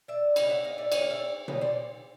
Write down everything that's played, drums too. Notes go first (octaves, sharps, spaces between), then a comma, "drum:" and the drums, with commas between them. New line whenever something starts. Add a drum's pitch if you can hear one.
D5 E5
C#3 E3 G3 D#5 F5, drum: cymbal
E5 F#5
D#5 F5
D5 E5
D3 G3 A#3 C#5 D#5, drum: cymbal
F5
D5 E5
D3 G3 A#3 C#5 D#5, drum: tom B2
C5 D5